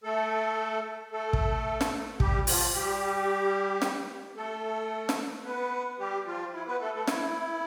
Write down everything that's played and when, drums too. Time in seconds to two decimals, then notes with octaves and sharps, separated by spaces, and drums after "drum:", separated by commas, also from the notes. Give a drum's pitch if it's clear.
0.03 A3 A4
1.12 A3 A4
1.33 drum: kick
1.81 drum: snare
2.20 G3 G4, drum: kick
2.47 F3 F4, drum: open hi-hat
2.74 G3 G4
3.82 drum: snare
4.36 A3 A4
5.09 drum: snare
5.45 B3 B4
5.99 G3 G4
6.26 F3 F4
6.53 E4
6.67 B3 B4
6.80 A3 A4
6.94 A3 A4
7.08 E4, drum: snare